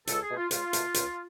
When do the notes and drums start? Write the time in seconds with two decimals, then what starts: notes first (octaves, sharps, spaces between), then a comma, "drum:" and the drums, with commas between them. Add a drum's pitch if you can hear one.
0.07 C#2 A4, drum: hi-hat
0.22 G#4
0.29 B2 A3
0.37 F4
0.51 C#2 F4, drum: hi-hat
0.73 B2 A3, drum: hi-hat
0.94 C#2, drum: hi-hat